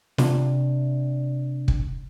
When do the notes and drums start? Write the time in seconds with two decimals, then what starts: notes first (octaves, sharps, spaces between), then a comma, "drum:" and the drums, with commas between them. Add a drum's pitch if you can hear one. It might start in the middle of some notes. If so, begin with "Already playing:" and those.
0.18 C3 D4, drum: snare
1.68 drum: kick